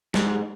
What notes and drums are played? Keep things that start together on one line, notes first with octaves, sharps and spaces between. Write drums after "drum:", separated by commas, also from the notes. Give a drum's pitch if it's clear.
G#2, drum: snare